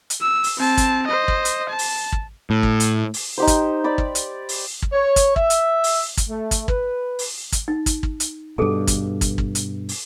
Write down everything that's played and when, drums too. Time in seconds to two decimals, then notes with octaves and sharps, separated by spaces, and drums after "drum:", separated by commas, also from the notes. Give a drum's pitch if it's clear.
0.10 drum: hi-hat
0.21 E6
0.44 drum: open hi-hat
0.58 C4 A5
0.77 drum: kick, hi-hat
1.07 C5 D#5
1.28 drum: kick
1.45 drum: hi-hat
1.69 A5
1.79 drum: open hi-hat
2.12 drum: kick
2.50 A2
2.63 drum: kick
2.80 drum: hi-hat
3.14 drum: open hi-hat
3.38 D#4 G4 C5
3.47 drum: kick, hi-hat
3.84 D5 B5
3.98 drum: kick
4.15 drum: hi-hat
4.49 drum: open hi-hat
4.82 drum: kick
4.92 C#5
5.16 drum: kick, hi-hat
5.36 E5, drum: kick
5.50 drum: hi-hat
5.84 drum: open hi-hat
6.17 drum: kick, hi-hat
6.28 A3
6.51 drum: kick, hi-hat
6.68 B4, drum: kick
7.19 drum: open hi-hat
7.52 drum: kick, hi-hat
7.68 D#4
7.86 drum: kick, hi-hat
8.03 drum: kick
8.20 drum: hi-hat
8.58 G2 B2 G#4 A4 A5
8.87 drum: kick, hi-hat
9.21 drum: kick, hi-hat
9.38 drum: kick
9.55 drum: hi-hat
9.89 drum: open hi-hat